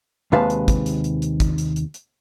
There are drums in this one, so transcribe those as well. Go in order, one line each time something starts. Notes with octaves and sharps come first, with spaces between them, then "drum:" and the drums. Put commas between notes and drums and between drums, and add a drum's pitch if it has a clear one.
D#2 C3 G#3 B4 F5 A5
drum: hi-hat
drum: kick, hi-hat
drum: hi-hat
drum: hi-hat
drum: hi-hat
drum: kick, hi-hat
drum: hi-hat
drum: hi-hat
drum: hi-hat